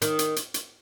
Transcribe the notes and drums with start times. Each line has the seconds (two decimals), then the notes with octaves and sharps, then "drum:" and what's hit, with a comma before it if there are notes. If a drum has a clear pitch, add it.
0.02 D#3, drum: hi-hat
0.19 drum: hi-hat
0.36 drum: hi-hat
0.54 drum: hi-hat